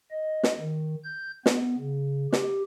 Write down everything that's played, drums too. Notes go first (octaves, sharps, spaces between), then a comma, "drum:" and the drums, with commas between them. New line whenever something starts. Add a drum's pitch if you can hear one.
D#5
drum: snare
D#3
G6
B3, drum: snare
C#3
G4, drum: snare